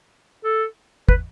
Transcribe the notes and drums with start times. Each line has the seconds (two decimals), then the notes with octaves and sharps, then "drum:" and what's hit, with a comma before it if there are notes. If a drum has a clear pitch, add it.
0.44 A4
1.09 B4, drum: kick